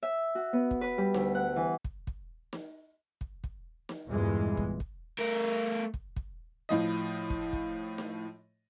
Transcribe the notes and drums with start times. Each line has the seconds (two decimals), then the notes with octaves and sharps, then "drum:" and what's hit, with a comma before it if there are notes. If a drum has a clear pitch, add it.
0.03 E5
0.35 F#4
0.53 B3
0.71 drum: kick
0.81 B4
0.98 G3
1.14 D2, drum: snare
1.35 F#5
1.56 E3
1.84 drum: kick
2.07 drum: kick
2.53 drum: snare
3.21 drum: kick
3.44 drum: kick
3.89 drum: snare
4.07 E2 G2 A#2 E3 G#3
4.57 drum: kick
4.80 drum: kick
5.19 A3 A#4
5.94 drum: kick
6.16 drum: kick
6.69 A2 F3 D#5
7.30 drum: kick
7.53 drum: kick
7.98 drum: snare